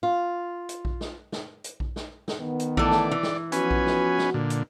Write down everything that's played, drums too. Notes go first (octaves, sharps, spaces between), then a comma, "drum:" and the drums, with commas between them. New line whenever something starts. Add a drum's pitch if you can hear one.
F4
drum: hi-hat
drum: kick A#1
drum: snare
drum: snare
drum: hi-hat
drum: kick A#1
drum: snare
drum: snare
D#3 B3
drum: hi-hat
E3 A3 D5, drum: kick A#1
drum: snare
E3
drum: snare
F3 B3 C#4 F#4 B4 G#5, drum: hi-hat
drum: kick A#1
drum: snare
drum: snare
A#2 D3
drum: hi-hat